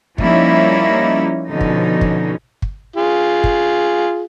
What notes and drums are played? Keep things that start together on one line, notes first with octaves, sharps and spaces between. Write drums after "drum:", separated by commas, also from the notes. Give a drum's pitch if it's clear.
F3 G3 A#3 C#4 D#4 E4, drum: kick
B2 D3 F3 C#4 D#4
drum: kick
drum: kick
drum: kick
F4 G#4
drum: kick